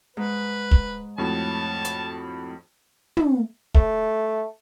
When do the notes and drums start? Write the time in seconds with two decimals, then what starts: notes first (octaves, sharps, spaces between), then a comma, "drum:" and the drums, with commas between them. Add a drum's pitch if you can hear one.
0.17 G#2 B4
0.72 drum: kick
1.18 F2 A2 F#4 C#5 A5
1.85 drum: hi-hat
3.17 drum: tom
3.75 A3, drum: kick